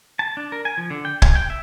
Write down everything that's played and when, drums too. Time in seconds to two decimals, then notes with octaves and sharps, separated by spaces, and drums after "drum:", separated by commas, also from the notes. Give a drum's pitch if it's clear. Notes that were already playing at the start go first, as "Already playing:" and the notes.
0.19 A5
0.37 D4
0.52 A#4
0.65 G#5
0.78 F3
0.90 D3
1.05 G5
1.22 G#5, drum: kick
1.35 G5
1.50 E5